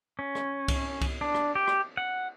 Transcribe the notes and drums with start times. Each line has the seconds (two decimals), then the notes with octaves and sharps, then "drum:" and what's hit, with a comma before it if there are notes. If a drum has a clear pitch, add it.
0.19 C#4
0.35 drum: rim click
0.68 drum: kick C2, cymbal
1.01 drum: kick C2, cymbal
1.21 D4
1.34 drum: rim click
1.55 G4
1.68 drum: rim click
1.97 F#5